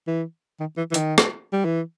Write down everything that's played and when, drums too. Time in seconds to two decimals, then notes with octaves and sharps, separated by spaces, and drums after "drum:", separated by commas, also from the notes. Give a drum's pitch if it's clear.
0.07 E3
0.60 D#3
0.77 E3
0.91 E3
0.94 D#3, drum: hi-hat
1.18 drum: rim click
1.53 G3
1.65 E3